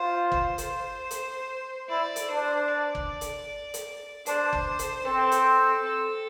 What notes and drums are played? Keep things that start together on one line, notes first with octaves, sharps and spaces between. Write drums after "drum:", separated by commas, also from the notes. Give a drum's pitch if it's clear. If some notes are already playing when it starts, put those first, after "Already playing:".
Already playing: F4 C5
C5, drum: kick
drum: hi-hat
drum: hi-hat
E4 D5
drum: hi-hat
D4 C5
D5
drum: kick
drum: hi-hat
drum: hi-hat
D4 C5, drum: hi-hat
drum: kick
drum: hi-hat
C4 A4
drum: hi-hat
A4